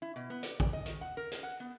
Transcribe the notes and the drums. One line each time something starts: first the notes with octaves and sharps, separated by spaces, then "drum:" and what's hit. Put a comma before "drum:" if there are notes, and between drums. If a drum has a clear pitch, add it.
E4
B2
B3
D5, drum: hi-hat
D5, drum: kick
D#5
D#3, drum: hi-hat
F#5
A#4
G#4, drum: hi-hat
F#5
B3